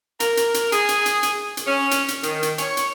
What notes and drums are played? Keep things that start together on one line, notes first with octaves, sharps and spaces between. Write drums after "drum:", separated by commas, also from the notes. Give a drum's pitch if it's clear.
A#4, drum: hi-hat
drum: hi-hat
drum: hi-hat
G#4, drum: hi-hat
drum: hi-hat
drum: hi-hat
drum: hi-hat
drum: hi-hat
C#4
drum: hi-hat
drum: hi-hat
D#3, drum: hi-hat
drum: hi-hat
C#5, drum: hi-hat
drum: hi-hat